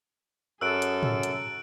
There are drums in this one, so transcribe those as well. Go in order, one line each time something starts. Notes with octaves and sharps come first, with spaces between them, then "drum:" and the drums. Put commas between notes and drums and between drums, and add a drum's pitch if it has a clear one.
F#2 G#4 A4 E6 F#6 D7
drum: hi-hat
drum: tom
drum: hi-hat